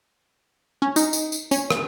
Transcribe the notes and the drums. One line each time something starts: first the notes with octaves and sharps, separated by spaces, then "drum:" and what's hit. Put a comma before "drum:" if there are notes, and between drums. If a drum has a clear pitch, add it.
C#4
D#4, drum: tambourine
drum: tambourine
drum: tambourine
C#4, drum: tambourine
drum: rim click